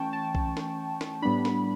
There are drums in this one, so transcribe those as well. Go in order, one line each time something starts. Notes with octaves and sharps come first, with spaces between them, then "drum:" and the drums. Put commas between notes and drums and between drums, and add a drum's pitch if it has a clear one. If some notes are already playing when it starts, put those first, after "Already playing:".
Already playing: E3 A3 C#4 G5 A5 C#6
A5
drum: kick B1
drum: snare
drum: snare
A2 G3 B3 D4 B5
drum: snare